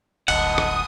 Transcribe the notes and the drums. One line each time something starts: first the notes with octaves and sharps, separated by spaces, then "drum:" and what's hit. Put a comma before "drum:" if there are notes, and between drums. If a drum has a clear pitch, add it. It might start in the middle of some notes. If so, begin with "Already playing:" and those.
D1 G1 D2 D#5 F#5 A5 D#6, drum: cymbal
drum: rim click